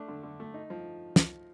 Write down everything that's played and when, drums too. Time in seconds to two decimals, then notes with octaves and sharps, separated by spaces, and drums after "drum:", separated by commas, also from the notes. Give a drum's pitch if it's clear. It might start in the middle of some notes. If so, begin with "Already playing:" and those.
Already playing: A3 D4
0.08 D3
0.23 D3
0.40 A3
0.54 D#4
0.70 F3
1.16 drum: snare